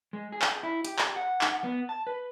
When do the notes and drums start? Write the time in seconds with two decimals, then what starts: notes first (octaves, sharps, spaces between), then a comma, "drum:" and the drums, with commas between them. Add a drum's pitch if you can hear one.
0.13 G#3
0.32 G#4
0.42 drum: clap
0.63 E4
0.85 G4, drum: hi-hat
0.99 drum: clap
1.16 F#5
1.41 drum: clap
1.64 B3
1.89 A5
2.07 B4